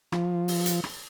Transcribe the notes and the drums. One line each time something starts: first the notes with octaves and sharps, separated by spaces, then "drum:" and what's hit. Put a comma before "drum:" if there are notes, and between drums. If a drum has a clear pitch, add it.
F3, drum: rim click
drum: open hi-hat
drum: hi-hat
drum: rim click